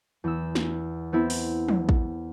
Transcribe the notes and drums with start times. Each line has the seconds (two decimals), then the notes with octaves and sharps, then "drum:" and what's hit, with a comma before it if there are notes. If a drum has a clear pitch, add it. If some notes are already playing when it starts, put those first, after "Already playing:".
0.24 E2 E6
0.55 drum: snare
1.13 B3 C4 E4 A4
1.30 drum: open hi-hat
1.69 drum: tom
1.89 drum: kick